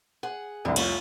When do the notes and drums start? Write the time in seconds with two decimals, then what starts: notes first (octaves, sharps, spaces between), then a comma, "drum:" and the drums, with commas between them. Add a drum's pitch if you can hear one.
0.23 G#4 F#5
0.65 C2 F2 A2 D3 E3
0.76 A3 C#4 F4, drum: cymbal